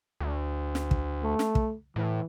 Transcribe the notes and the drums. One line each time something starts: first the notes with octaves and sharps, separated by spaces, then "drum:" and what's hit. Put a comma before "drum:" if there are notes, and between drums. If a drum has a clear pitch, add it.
D2
drum: snare
drum: kick
A3
drum: snare
drum: kick
A2 E3